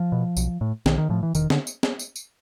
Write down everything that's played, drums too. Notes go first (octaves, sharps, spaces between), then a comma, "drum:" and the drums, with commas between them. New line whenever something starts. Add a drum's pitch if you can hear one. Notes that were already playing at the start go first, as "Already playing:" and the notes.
Already playing: F3
B2
B1, drum: tambourine
A2
B1 D#3, drum: snare
D#3
A2 F3
E3
E1 D#3, drum: tambourine
D3, drum: snare
drum: tambourine
drum: snare
drum: tambourine
drum: tambourine